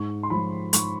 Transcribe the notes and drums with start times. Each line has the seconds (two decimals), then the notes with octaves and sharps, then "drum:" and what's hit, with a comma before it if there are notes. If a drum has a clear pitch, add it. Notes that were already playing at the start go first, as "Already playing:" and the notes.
Already playing: G#2 C#6
0.23 C6
0.30 F3 G#3 B5
0.73 G#2 C#6, drum: hi-hat